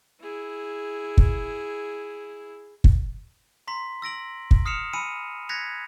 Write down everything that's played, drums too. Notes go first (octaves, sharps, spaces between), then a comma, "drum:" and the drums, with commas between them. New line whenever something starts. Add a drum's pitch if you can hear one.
E4 G#4
drum: kick
drum: kick
A#5 C6 B6
E6 A#6 D7 F#7
drum: kick
D#6 F6 C7 C#7 E7 F7
G#5 B5 E6 C#7 D#7
F#6 G#6 A#6 B6 C#7 F7